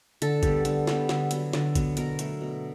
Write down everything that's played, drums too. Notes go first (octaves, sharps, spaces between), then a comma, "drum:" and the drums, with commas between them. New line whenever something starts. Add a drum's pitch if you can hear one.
D3 A4, drum: hi-hat
G3 B3, drum: kick, hi-hat
D3, drum: hi-hat
G3 B3, drum: snare
D3, drum: snare
F#3 B3, drum: hi-hat
D3, drum: snare
F#3 B3, drum: kick, hi-hat
B2 A#4, drum: hi-hat
F#3 A3, drum: hi-hat
B2